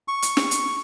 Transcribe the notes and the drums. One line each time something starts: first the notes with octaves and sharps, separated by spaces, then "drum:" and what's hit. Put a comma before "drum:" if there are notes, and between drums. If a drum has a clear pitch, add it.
C#6
drum: hi-hat
drum: snare
drum: hi-hat